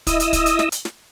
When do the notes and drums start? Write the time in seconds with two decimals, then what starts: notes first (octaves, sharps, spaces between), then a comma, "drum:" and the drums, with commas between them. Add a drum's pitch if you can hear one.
0.07 E4 D#5 D#6 E6, drum: kick, hi-hat
0.20 drum: hi-hat
0.33 drum: kick, hi-hat
0.46 drum: hi-hat
0.59 drum: snare
0.72 drum: hi-hat
0.85 drum: snare